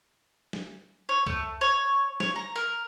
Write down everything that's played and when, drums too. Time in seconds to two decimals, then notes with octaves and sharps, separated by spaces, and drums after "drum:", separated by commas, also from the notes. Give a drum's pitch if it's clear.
0.53 drum: snare
1.09 C#5
1.26 A3, drum: kick C#2
1.61 C#5
2.20 C#5, drum: snare
2.36 A#5
2.56 A#4